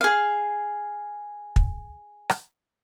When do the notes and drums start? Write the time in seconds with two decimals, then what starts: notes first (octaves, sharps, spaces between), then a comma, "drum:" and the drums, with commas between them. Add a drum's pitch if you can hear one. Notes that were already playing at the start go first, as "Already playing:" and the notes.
0.01 G#4 F5
1.56 drum: kick
2.30 drum: rim click